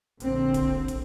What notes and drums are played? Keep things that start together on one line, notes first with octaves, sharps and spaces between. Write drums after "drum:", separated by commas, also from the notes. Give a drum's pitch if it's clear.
A#1 D3 C4, drum: hi-hat
drum: kick, hi-hat
drum: kick, hi-hat